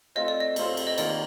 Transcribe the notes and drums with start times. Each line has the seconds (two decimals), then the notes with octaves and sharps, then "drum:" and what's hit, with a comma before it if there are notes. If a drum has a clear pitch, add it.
0.16 A3 C4 F4 C5 D#5
0.28 D5
0.40 D#5
0.56 A3 C4 F4 C5, drum: cymbal
0.77 drum: cymbal
0.87 D#5
0.98 D#3 A#3 F4 A#4 D5, drum: cymbal